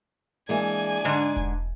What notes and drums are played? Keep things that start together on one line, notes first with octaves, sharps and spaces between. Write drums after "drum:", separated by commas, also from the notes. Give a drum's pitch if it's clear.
E3 G#3 A#3 D4 G#5, drum: hi-hat
drum: hi-hat
G#2 D3 D#5, drum: hi-hat
drum: kick E1, hi-hat